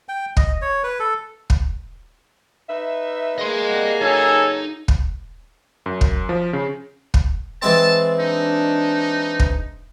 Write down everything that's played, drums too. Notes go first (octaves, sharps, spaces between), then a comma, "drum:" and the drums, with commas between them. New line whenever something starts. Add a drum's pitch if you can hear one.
G5
D#5, drum: kick
C#5
B4
A4
drum: kick
D#4 B4 E5
A#3 G#4 D#5 C6
C3 G3 F#5
F#2 C#3 D#4 A4 C#5 G#5
drum: kick
F#2
drum: kick
F3
C#3
drum: kick
E3 G#3 C4 A5
D4 D#4
drum: kick